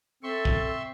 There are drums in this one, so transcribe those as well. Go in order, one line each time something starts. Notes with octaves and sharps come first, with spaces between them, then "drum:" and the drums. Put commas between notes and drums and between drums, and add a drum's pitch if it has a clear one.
C4 A4 E5 C6 C#6
drum: kick